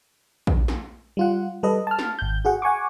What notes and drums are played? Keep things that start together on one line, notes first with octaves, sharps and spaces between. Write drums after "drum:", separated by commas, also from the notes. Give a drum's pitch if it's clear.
drum: kick
drum: snare
G3 F4 F#5
G3 A4 B4 D#5
A5 F6
drum: snare
G#1 G6
F#4 G#4 F#5
F#5 G#5 C#6 D6